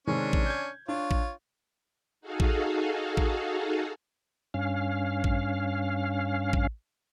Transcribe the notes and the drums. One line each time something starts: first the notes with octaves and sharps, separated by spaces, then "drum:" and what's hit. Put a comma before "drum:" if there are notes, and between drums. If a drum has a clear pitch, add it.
C3 D#3 G#3 C#4 D4
drum: kick A1
G6 G#6
D4 F4 C#5
drum: kick A1
D#4 F#4 G#4 A4 F5
drum: kick A1
drum: kick A1
G2 C#4 F5
drum: kick A1
drum: kick A1